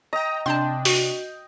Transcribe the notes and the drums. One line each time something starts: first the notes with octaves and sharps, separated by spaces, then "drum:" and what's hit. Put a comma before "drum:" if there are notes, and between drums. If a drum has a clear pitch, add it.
D#5 G5 A#5
C3 D4 G5 A5 C6
F#4, drum: open hi-hat